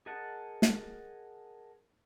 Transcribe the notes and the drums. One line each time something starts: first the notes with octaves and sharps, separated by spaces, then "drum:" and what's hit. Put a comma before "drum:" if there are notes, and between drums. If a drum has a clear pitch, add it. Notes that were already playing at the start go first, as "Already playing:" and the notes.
G#4 A#4 D#5 F#5 A5
drum: snare